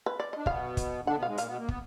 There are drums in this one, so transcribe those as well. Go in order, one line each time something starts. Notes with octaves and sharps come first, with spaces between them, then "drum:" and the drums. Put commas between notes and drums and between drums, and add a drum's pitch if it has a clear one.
B4
D5
D4 D#5
B2 B3 F5, drum: kick
drum: kick, hi-hat
D3 D4 F#5
B2 B3
F5
G#2 G#3
A#2 A#3 F5, drum: hi-hat
B2 B3
A#3
B3, drum: kick